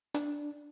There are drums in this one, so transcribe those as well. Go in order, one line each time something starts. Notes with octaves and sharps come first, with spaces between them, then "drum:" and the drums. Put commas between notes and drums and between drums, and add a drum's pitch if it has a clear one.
D4, drum: hi-hat